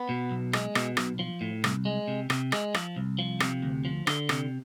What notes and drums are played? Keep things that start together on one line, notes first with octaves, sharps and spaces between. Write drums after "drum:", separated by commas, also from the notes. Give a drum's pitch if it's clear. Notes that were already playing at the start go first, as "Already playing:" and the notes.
Already playing: B3
B2
B1
G#3, drum: rim click
B2, drum: rim click
B1, drum: rim click
F3
A2
C2, drum: rim click
G#3
C3
C3, drum: rim click
G#3, drum: rim click
F3, drum: rim click
C2
F3
C3, drum: rim click
D2
F3
D3, drum: rim click
C3, drum: rim click